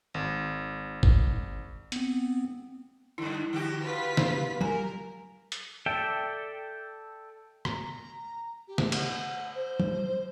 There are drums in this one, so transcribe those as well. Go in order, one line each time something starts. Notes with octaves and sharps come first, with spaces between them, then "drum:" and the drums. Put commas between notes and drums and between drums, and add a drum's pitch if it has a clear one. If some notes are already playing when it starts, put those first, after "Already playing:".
G#1
drum: kick
B3 C4, drum: hi-hat
F#2 D3 E4
D3 F#4 G4
F4 B4 B6
drum: snare
A#4 G#5 A#5, drum: tom F#3
drum: hi-hat
A4 D5 E5 G5
A#5, drum: rim click
G4
drum: snare
F#5, drum: cymbal
C5
drum: tom F#3